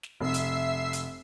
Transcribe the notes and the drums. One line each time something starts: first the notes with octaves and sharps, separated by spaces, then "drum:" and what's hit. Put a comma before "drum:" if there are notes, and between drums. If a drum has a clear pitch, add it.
drum: snare
F1 E5 E6 C7
drum: hi-hat
drum: hi-hat